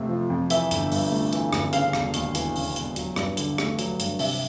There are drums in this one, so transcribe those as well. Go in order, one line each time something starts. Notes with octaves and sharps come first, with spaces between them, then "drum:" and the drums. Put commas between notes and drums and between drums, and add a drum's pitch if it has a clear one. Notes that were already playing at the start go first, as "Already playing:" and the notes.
Already playing: F2 C3 A3
F3
F2
E3 E5, drum: hi-hat
G1, drum: hi-hat
G2, drum: open hi-hat
A3
E3, drum: hi-hat
G1, drum: rim click
C#3 F5, drum: hi-hat
E1, drum: rim click
D#2, drum: hi-hat
E3, drum: hi-hat
C#3, drum: open hi-hat
E1, drum: hi-hat
F#3, drum: hi-hat
G2, drum: rim click
D3, drum: hi-hat
A3, drum: rim click
F#3, drum: hi-hat
G2, drum: hi-hat
C3 E5, drum: open hi-hat